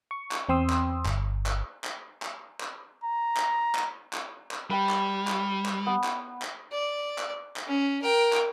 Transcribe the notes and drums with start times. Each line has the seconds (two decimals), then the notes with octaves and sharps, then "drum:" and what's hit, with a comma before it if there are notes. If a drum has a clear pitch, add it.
0.11 C#6
0.32 drum: clap
0.49 E2 C4 G5 C6 D#6 E6
0.70 drum: clap
1.06 G1, drum: clap
1.46 drum: clap
1.84 drum: clap
2.22 drum: clap
2.60 drum: clap
3.04 A#5
3.37 drum: clap
3.75 drum: clap
4.13 drum: clap
4.51 drum: clap
4.70 G3 B4 G5
4.89 drum: clap
5.28 drum: clap
5.66 drum: clap
5.87 B3
6.04 drum: clap
6.42 drum: clap
6.72 D5
7.18 drum: clap
7.56 drum: clap
7.67 C#4
8.02 A#4 G5
8.33 drum: clap